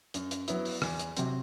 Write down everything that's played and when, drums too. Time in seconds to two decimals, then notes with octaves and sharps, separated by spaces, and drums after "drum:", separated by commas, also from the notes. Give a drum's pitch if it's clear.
0.14 F#2, drum: hi-hat
0.31 drum: hi-hat
0.48 F#3 B3 E4, drum: hi-hat
0.65 drum: open hi-hat
0.82 E2, drum: rim click
0.99 drum: hi-hat
1.17 C3 F#3 C4, drum: hi-hat